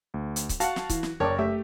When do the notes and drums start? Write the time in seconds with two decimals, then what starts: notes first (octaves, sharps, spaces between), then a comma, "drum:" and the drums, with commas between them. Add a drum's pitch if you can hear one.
0.14 D2
0.36 drum: hi-hat
0.49 drum: kick C#1, hi-hat
0.60 F#4 F5 F#5 A5, drum: hi-hat
0.76 drum: snare
0.90 E3, drum: kick C#1, hi-hat
1.03 drum: snare
1.20 F#1 A#4 C#5 D5 G5 A5 D6
1.39 A3 G4 E5